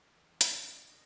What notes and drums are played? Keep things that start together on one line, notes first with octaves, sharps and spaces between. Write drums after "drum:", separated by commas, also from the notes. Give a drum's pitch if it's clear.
E2
D3 D#5, drum: hi-hat
D4